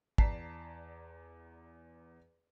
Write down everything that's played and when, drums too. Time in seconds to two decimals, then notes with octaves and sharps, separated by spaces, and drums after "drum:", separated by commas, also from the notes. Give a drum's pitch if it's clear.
0.18 E2 D5 A5 A#5 B6 C7, drum: kick